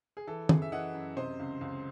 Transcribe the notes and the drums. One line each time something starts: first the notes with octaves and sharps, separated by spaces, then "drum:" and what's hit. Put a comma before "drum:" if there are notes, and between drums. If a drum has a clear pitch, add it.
G#4
E3 A4
F#2 G#4, drum: tom D#3
E5
E3 D#5 F#5
F#2
C3 C5 D#5
C#2
C#2